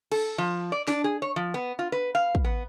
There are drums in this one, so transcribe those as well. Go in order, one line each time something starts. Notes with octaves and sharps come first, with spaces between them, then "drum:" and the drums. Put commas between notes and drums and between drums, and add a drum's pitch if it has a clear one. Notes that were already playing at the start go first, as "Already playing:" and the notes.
A4, drum: cymbal
F3
D5
D4, drum: snare
G#4
C#5
F3
B3
F4
B4
F5
drum: kick
B3